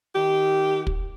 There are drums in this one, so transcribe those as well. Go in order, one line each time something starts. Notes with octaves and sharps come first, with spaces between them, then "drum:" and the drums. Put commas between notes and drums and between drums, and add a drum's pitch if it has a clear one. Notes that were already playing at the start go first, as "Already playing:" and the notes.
D#3 G4
drum: kick